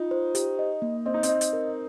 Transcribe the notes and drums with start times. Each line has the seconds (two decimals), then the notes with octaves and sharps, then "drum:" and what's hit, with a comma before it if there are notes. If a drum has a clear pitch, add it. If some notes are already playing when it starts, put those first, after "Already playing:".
Already playing: D#4 F4
0.11 C5
0.35 G4, drum: hi-hat
0.59 D#5
0.82 A#3
1.05 C4 D#5
1.14 D#4
1.23 C4, drum: hi-hat
1.29 D#5
1.41 drum: hi-hat
1.53 A#4